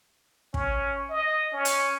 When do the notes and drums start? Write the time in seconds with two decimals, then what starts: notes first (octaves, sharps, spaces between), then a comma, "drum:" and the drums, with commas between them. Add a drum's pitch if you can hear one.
0.54 C#4, drum: kick
1.09 D#5
1.53 C#4
1.65 drum: hi-hat